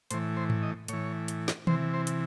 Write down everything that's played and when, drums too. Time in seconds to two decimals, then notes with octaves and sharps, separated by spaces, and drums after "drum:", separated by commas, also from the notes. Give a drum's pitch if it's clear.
0.11 A2 E3 C5, drum: hi-hat
0.37 C5
0.50 drum: tom G#2
0.63 D#5
0.88 A2 E3 C#5, drum: hi-hat
1.28 drum: hi-hat
1.48 drum: snare
1.67 C3 E3 C5, drum: tom D#3
1.94 C5
2.07 drum: hi-hat